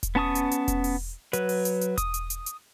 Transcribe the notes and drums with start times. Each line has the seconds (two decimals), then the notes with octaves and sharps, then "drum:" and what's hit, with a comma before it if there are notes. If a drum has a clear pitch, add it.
0.03 drum: kick E1, hi-hat
0.15 B3 C#4 A5 C#6 D#6
0.35 drum: hi-hat
0.51 drum: hi-hat
0.68 drum: kick E1, hi-hat
0.84 drum: open hi-hat
1.33 F#3 B4, drum: hi-hat
1.49 drum: open hi-hat
1.65 drum: hi-hat
1.81 drum: hi-hat
1.98 D#6, drum: kick E1, hi-hat
2.14 drum: hi-hat
2.30 drum: hi-hat
2.46 drum: hi-hat